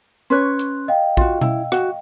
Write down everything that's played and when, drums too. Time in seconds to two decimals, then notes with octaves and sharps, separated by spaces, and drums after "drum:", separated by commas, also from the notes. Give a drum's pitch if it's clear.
0.30 C#4 B4 C#5 C6 F#6
0.59 drum: hi-hat
0.88 D#5 F5 G5
1.17 F4 F#4, drum: kick A#1
1.41 E4, drum: tom B2
1.72 F#4, drum: rim click